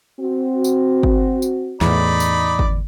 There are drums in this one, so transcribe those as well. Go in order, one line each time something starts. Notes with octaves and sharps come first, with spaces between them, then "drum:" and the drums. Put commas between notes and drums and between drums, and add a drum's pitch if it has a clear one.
C4 F#4
drum: tambourine
drum: kick G1
drum: tambourine
E2 A2 D#4 D5 B5, drum: snare
drum: tambourine
drum: kick G1